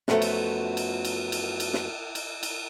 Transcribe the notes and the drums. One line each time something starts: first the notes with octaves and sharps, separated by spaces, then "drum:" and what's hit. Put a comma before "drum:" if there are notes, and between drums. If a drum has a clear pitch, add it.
F#2 F3 F#3 A3 B3, drum: snare
drum: cymbal
drum: cymbal
drum: cymbal
drum: cymbal
drum: cymbal
drum: snare
drum: cymbal
drum: cymbal